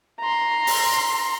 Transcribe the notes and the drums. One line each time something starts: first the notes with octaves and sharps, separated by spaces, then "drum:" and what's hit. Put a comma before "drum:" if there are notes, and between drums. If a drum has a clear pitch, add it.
A#5 C6
drum: open hi-hat